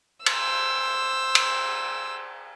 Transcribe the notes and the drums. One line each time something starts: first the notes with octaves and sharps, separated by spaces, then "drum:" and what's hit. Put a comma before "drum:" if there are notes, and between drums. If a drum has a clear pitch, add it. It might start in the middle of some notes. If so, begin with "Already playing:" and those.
C5 E6, drum: cymbal
drum: cymbal